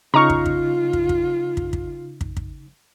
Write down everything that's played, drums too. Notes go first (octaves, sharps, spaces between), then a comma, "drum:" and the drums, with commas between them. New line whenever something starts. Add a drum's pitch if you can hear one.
C#3 D#4 F4 A#5 C#6 F6
drum: kick
drum: kick
drum: kick
drum: kick
drum: kick
drum: kick
drum: kick
drum: kick